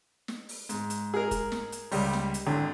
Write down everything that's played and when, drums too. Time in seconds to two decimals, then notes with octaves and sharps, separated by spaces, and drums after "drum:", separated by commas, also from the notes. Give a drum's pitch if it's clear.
0.28 drum: snare
0.49 drum: open hi-hat
0.69 G#2, drum: hi-hat
0.90 drum: hi-hat
1.14 G#4 A#4
1.31 drum: kick, hi-hat
1.52 drum: snare
1.72 drum: hi-hat
1.92 C#2 G3, drum: open hi-hat
2.13 drum: snare
2.34 drum: hi-hat
2.47 G#1 D3